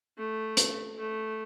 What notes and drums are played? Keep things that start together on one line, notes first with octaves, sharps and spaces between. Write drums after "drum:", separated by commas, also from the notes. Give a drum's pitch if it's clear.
A3
drum: hi-hat
A3